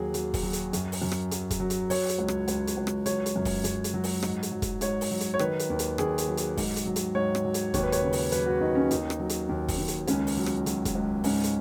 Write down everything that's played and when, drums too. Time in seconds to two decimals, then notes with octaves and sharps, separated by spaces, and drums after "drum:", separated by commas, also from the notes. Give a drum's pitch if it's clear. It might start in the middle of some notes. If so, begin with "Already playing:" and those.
Already playing: D#2 F#3 G#4
0.14 F#3, drum: hi-hat
0.34 drum: kick, open hi-hat
0.43 F#3
0.53 drum: hi-hat
0.73 F#2, drum: hi-hat
0.92 drum: open hi-hat
1.02 F#2
1.12 drum: rim click
1.31 F#3, drum: hi-hat
1.50 drum: kick, hi-hat
1.60 F#3
1.70 drum: hi-hat
1.90 F#3 C#5, drum: open hi-hat
2.09 drum: hi-hat
2.18 C#2
2.28 drum: rim click
2.48 C#2, drum: hi-hat
2.67 drum: hi-hat
2.77 C#2
2.87 drum: rim click
3.06 F#3 C#5, drum: hi-hat
3.26 drum: hi-hat
3.36 F#2
3.45 drum: kick, open hi-hat
3.64 F#2, drum: hi-hat
3.84 drum: hi-hat
3.94 F#3
4.04 drum: open hi-hat
4.23 G#2, drum: rim click
4.43 drum: hi-hat
4.52 F#3
4.62 drum: kick, hi-hat
4.81 G#2 C#5, drum: hi-hat
5.01 drum: open hi-hat
5.11 F#3
5.20 drum: hi-hat
5.34 C#5
5.39 D#3 B4, drum: rim click
5.59 drum: hi-hat
5.70 D#2
5.79 drum: hi-hat
5.98 D#2 G#4, drum: rim click
6.18 drum: hi-hat
6.27 F#3
6.37 drum: hi-hat
6.57 G#2, drum: kick, open hi-hat
6.76 drum: hi-hat
6.85 F#3
6.96 drum: hi-hat
7.15 G#2 C#5
7.35 drum: rim click
7.45 F#3
7.54 drum: hi-hat
7.74 D#2 C#5, drum: kick, hi-hat
7.83 B4
7.92 C#5, drum: hi-hat
8.03 C#3
8.13 drum: open hi-hat
8.32 F#3 B4, drum: hi-hat
8.46 F#4
8.61 D#2 D#4
8.75 C#4
8.91 D#2 D#4, drum: hi-hat
9.10 drum: rim click
9.20 F#3
9.29 drum: hi-hat
9.49 D#2
9.68 drum: kick, open hi-hat
9.78 D#2
9.88 drum: hi-hat
10.07 C#2 C#4, drum: hi-hat
10.27 drum: open hi-hat
10.37 F#3
10.46 drum: rim click
10.66 F#3, drum: hi-hat
10.85 drum: kick, hi-hat
10.95 C#2
11.24 G#2 C#4, drum: open hi-hat
11.44 drum: hi-hat